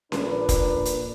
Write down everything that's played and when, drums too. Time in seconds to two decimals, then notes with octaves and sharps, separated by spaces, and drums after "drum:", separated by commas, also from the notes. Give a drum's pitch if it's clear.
0.12 A#1 A#2 D4 A#4 B4, drum: snare C#4
0.49 drum: kick, hi-hat
0.85 drum: hi-hat